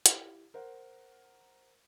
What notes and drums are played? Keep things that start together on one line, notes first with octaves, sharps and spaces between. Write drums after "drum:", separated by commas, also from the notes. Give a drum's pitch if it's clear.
E4 G4, drum: hi-hat
A#4 C5 F#5